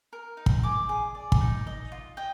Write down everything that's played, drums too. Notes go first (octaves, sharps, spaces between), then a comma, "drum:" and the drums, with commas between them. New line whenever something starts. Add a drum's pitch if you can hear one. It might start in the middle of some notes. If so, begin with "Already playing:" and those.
A#4
D#4
drum: kick
G#4 D6
G#4
D5
drum: kick
D#4
D#5
F4
D#5 G5